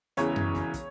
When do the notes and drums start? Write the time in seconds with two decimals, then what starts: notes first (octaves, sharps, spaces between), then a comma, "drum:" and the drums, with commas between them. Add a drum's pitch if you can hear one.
0.17 E1 E2 C#3 E3 C#5, drum: hi-hat
0.36 drum: tom F#2
0.55 drum: snare
0.74 drum: kick, hi-hat